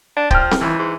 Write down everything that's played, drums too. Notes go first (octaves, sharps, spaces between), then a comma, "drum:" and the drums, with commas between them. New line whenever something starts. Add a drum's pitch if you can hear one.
D4
F3 G5 F6, drum: kick C#1
drum: snare C4
C#2 E3
G#2